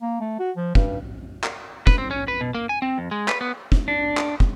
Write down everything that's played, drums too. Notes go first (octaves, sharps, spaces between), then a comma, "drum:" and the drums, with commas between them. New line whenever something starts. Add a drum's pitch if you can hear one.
A#3
A3
F#4
F3
G2, drum: kick
drum: clap
B4, drum: kick
C4
C#4
B4
B2
A#3
G#5
C4
F2
G#3
B4, drum: clap
B3
drum: kick
D4
drum: clap
drum: kick